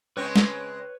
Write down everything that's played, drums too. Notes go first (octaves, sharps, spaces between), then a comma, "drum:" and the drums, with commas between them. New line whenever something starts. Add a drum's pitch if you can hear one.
C#3 G#3 C4 B4 C#5 C#6
drum: snare